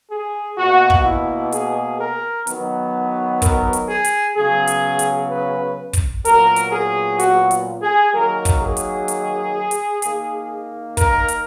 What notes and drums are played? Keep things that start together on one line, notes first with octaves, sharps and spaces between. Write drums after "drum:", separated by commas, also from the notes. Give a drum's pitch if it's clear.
G#4
B2 A#3 F#4
drum: kick
E4
G#4, drum: hi-hat
A#4
D#3 F#3 B3, drum: hi-hat
A#4, drum: kick, hi-hat
drum: hi-hat
G#4
drum: hi-hat
C#3 F#3 B3 G#4
drum: hi-hat
drum: hi-hat
B4
drum: kick, hi-hat
A#2 F#3 B3 A#4, drum: hi-hat
drum: hi-hat
G#4
F#4, drum: hi-hat
drum: hi-hat
G#4
D#3 F#3 A#3 A#4
drum: kick, hi-hat
G#4
drum: hi-hat
drum: hi-hat
drum: hi-hat
D#3 A#3, drum: hi-hat
A#4, drum: kick, hi-hat
drum: hi-hat